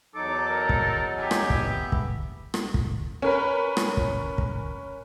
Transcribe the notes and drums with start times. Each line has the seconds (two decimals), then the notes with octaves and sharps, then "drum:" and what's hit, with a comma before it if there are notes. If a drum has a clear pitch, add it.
0.15 E2 F#3 D#4 A4 D6
0.49 A#4
0.69 drum: kick
1.18 G4 G#5
1.31 drum: rim click
1.50 B3 E5, drum: kick
1.92 drum: kick
2.54 drum: rim click
2.74 drum: kick
3.22 C#4 A#4 B4
3.77 drum: rim click
3.97 drum: kick
4.38 drum: kick